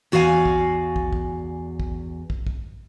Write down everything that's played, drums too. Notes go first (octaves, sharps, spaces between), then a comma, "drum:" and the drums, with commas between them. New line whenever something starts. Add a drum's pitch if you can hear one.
E2 F#4 D5 F5 G#5
drum: kick
drum: kick
drum: kick
drum: kick
drum: kick
drum: kick